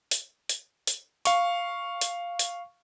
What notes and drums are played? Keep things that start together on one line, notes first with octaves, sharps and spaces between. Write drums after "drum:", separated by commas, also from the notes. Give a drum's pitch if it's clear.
drum: hi-hat
drum: hi-hat
drum: hi-hat
F5 C#6, drum: hi-hat
drum: hi-hat
drum: hi-hat